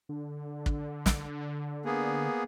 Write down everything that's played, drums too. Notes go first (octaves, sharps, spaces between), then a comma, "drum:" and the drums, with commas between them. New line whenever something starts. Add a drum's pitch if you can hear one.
D3
drum: kick
drum: snare
A#3 B3 G#4